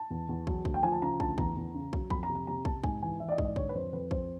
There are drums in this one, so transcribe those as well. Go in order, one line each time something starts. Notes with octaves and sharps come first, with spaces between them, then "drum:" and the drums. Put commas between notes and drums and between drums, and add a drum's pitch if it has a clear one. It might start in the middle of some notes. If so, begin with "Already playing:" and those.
Already playing: A5
E2
E2
F#3, drum: kick
D2, drum: kick
G5
F3 G#5
A5
C#3 A#5
D2 A5, drum: kick
E2 A#5, drum: kick
E2
C#3
F#3, drum: kick
F2 B5, drum: kick
A#5
C3
A#5
C3 A#5
C3 A5, drum: kick
G#2 G#5, drum: kick
E3 G#5
E3 E5
D5
D#5
G#2, drum: kick
D5
D3 C#5, drum: kick
B4
F2 C5
F2 B4
F2 C5, drum: kick